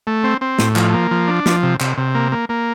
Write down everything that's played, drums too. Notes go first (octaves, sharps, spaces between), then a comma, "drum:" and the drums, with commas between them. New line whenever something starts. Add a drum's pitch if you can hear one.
A3
C4
C4
A2, drum: snare
F3, drum: clap
A#3
F3
D4
F3, drum: snare
C3
C3, drum: clap
C3
A#3
A#3
A#3